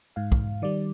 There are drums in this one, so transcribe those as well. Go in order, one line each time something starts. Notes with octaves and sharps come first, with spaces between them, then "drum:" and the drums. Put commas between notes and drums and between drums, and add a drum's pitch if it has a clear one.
G#2 F5
drum: kick
D#3 G3 D5